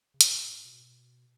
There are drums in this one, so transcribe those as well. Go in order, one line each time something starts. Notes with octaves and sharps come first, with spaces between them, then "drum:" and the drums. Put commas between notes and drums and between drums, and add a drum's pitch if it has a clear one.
C#3
B2, drum: hi-hat
A2
G#2
B2